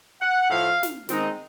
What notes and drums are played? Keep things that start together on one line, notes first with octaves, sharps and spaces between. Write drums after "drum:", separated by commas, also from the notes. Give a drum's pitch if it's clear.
F#5
A2 F3 A3 F5
drum: snare
D#3 G#3 C4 D#4, drum: snare